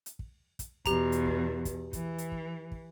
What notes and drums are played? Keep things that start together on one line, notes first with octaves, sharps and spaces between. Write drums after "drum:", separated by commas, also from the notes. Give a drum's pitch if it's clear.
drum: hi-hat
drum: kick
drum: kick, hi-hat
E2 B2 G4 A#5, drum: kick, hi-hat
drum: hi-hat
drum: kick
drum: kick, hi-hat
E3, drum: kick, hi-hat
drum: hi-hat
drum: kick
drum: kick